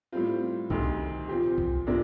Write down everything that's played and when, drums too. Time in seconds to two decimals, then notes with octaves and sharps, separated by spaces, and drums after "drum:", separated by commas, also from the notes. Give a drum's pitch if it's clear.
0.12 A2 G3 C4 F4
0.70 D2 C3 D#3, drum: kick C2
1.28 A#2 F3 C4 G4
1.58 drum: kick C2
1.87 C3 F3 A#3 D4